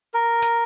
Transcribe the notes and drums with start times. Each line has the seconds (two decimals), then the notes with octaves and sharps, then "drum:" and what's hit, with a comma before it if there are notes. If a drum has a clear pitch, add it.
0.14 A#4
0.42 drum: tambourine